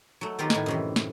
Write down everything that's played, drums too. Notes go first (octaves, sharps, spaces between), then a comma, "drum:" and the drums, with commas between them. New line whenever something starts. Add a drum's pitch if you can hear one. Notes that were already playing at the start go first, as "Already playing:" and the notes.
F#3 A3
D#3 B3 F4 G4 A#4 B4
A2 D#3 G#5, drum: snare
F#2 C3 E3
drum: snare